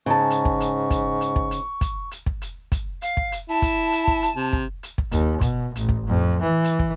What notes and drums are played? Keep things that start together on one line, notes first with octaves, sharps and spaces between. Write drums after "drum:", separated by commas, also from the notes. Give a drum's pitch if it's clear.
G#2 C#3 A5 C#6
drum: hi-hat
drum: kick
drum: hi-hat
drum: kick, hi-hat
drum: hi-hat
drum: kick
drum: hi-hat
drum: kick, hi-hat
drum: hi-hat
drum: kick
drum: hi-hat
drum: kick, hi-hat
F5, drum: hi-hat
drum: kick
drum: hi-hat
E4 A5
drum: kick, hi-hat
drum: hi-hat
drum: kick
drum: hi-hat
C3
drum: kick
drum: hi-hat
drum: kick
D#2, drum: hi-hat
B2, drum: kick, hi-hat
A1, drum: hi-hat
drum: kick
F2
E3
drum: hi-hat
drum: kick